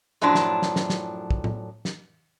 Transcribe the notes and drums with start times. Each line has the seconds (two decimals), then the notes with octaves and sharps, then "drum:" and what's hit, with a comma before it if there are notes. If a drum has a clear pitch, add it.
0.21 F#2 A2 F3 F#3 D4
0.35 drum: snare
0.62 drum: snare
0.76 drum: snare
0.90 drum: snare
1.31 drum: kick
1.44 drum: tom A2
1.85 drum: snare